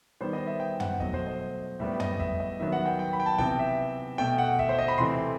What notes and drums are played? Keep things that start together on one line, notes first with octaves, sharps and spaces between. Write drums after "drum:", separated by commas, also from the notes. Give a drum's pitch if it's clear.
D#3 G3 B3 C5
D#5
E5
G5
F#5, drum: tom
B2 F#3 A3 D#5, drum: kick
C5
D#5
A2 G3 B3 E5
D#5, drum: tom
E5, drum: kick
D#5
D#3 F#3 B3 E5
F#5
G5
G5
B5
G5
A5
C3 E3 B3 G5, drum: kick
E5
B2 A3 G5
F#5
E5, drum: kick
C5
D#5
B5
C3 E3 A3 C6